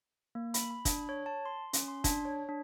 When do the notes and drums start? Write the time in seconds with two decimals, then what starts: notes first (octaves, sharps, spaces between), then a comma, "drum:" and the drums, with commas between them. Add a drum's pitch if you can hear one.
0.35 A#3
0.54 B5, drum: hi-hat
0.71 B5
0.85 D4, drum: kick, hi-hat
1.09 C#5
1.26 A5
1.46 C6
1.73 C#4, drum: hi-hat
1.88 C6
2.04 D4, drum: kick, hi-hat
2.25 C#5
2.49 D4